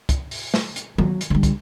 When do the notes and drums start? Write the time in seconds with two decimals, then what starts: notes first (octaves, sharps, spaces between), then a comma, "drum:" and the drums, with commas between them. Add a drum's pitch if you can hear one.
0.09 drum: kick, hi-hat
0.31 drum: open hi-hat
0.54 drum: snare
0.76 drum: hi-hat
0.98 F#3, drum: tom D#3
1.21 drum: hi-hat
1.30 D3 G3
1.43 drum: kick, hi-hat